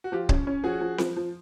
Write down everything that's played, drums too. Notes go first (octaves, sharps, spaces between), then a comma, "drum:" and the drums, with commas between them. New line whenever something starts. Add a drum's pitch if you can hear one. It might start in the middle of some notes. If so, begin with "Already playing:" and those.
F#4
F3 F4 G4
C#4, drum: kick C#1
C#4
F3 F#4 G#4
F3
F3, drum: snare C4
F3